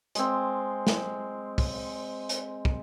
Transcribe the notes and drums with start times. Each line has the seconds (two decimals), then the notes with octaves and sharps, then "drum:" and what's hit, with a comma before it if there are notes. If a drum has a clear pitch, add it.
0.15 G#3 C4, drum: hi-hat
0.87 drum: snare
1.58 drum: kick, open hi-hat
2.29 drum: hi-hat
2.65 drum: kick